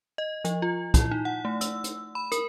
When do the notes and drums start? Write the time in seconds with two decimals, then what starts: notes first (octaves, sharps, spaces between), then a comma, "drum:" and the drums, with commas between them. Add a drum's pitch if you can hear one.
0.18 D#5
0.44 F3, drum: hi-hat
0.62 F4
0.94 E4, drum: kick, hi-hat
1.11 D#4
1.25 F#5
1.45 A3
1.61 E6, drum: hi-hat
1.84 drum: hi-hat
2.15 B5
2.32 A#4, drum: hi-hat